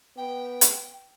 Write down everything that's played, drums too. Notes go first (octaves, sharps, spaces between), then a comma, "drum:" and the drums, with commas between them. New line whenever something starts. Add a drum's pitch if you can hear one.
B3 G5
drum: hi-hat